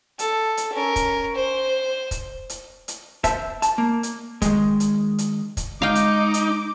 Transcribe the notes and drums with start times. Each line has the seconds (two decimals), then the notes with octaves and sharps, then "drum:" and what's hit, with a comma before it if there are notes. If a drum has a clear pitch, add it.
0.19 A4, drum: hi-hat
0.57 drum: hi-hat
0.73 C#4 A#4
0.96 drum: kick, hi-hat
1.35 C5
2.11 drum: kick, hi-hat
2.50 drum: hi-hat
2.88 drum: hi-hat
3.24 C5 E5 A5, drum: kick, hi-hat
3.62 A5, drum: hi-hat
3.78 A#3
4.03 drum: hi-hat
4.42 D#3 G#3, drum: kick, hi-hat
4.80 drum: hi-hat
5.18 drum: hi-hat
5.57 drum: kick, hi-hat
5.82 G#3 D#4 F5 G5 D6
5.95 drum: hi-hat
6.34 drum: hi-hat